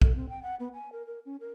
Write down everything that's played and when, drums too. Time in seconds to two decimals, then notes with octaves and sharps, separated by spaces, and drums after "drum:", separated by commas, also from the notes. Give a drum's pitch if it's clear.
0.02 A4, drum: kick
0.15 C4
0.29 G5
0.43 F#5
0.60 B3
0.73 G#5
0.92 A#4
1.07 A#4
1.25 C#4
1.40 A#4